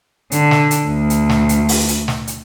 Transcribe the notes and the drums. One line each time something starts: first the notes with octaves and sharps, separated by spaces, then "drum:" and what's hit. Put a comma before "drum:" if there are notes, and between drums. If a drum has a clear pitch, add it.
D3, drum: hi-hat
drum: snare
drum: hi-hat
D2
drum: hi-hat
drum: snare
drum: hi-hat
drum: open hi-hat
drum: hi-hat
drum: snare
drum: hi-hat